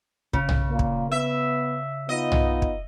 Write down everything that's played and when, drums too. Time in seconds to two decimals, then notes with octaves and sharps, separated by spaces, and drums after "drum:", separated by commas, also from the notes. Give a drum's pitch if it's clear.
0.33 C#3, drum: kick
0.49 drum: tom B1
0.69 A#2 A#3
0.79 drum: kick
1.11 B3 E5
2.09 B3 D#4 F4 D#5
2.32 drum: tom B1
2.62 drum: kick